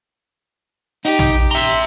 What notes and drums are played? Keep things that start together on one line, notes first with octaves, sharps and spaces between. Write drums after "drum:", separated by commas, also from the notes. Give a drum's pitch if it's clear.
D#4 G4
drum: tom A#1
E5 A#5 C6